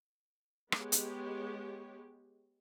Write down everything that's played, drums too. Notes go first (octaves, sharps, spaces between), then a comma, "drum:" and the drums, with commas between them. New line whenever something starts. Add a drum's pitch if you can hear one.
G#3 B3 G4 C#5, drum: rim click
drum: hi-hat